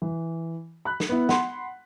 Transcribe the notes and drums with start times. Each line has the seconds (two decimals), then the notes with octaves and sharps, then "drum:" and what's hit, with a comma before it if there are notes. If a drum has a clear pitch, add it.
0.02 E3
0.85 B5 F#6
1.00 drum: snare
1.09 B3 E4
1.29 F#5 B5 C6, drum: snare